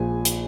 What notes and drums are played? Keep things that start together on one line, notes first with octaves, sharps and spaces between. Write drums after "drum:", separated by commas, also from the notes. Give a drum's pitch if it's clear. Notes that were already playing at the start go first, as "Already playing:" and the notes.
Already playing: A#1 A#2 F3 G#3 G#5
drum: hi-hat